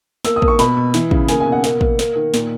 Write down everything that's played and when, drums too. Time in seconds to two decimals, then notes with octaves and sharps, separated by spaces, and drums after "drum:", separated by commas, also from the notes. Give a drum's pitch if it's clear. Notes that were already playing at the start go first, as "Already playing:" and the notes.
0.25 A#3 E6, drum: snare
0.36 D#6
0.42 A#3, drum: kick
0.48 C#6
0.59 B2 B5, drum: snare
0.77 B2
0.94 E3, drum: snare
1.11 C#3, drum: kick
1.29 A#3 G#5, drum: snare
1.40 G#5
1.46 B2
1.52 F#5
1.64 A#3 F#5, drum: snare
1.81 A#3, drum: kick
1.99 A#3, drum: snare
2.16 D#3
2.34 A#2, drum: snare